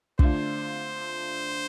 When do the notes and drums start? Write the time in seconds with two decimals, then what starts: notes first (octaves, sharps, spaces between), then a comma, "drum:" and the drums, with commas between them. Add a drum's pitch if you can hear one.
0.19 D3 A3 D4 F4 C5, drum: kick